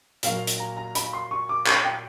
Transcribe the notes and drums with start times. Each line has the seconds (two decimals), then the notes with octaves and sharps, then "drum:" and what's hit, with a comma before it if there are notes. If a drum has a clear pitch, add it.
0.23 A#2 F#3 A#3 F5, drum: hi-hat
0.47 drum: hi-hat
0.60 A#5
0.77 A#5
0.95 B5, drum: hi-hat
1.13 C6
1.31 C#6
1.49 D6
1.66 C#6, drum: clap
1.84 G5